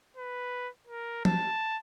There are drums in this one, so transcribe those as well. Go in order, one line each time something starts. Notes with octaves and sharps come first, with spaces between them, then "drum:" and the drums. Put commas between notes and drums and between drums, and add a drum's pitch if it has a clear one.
B4
A#4
A5, drum: tom F3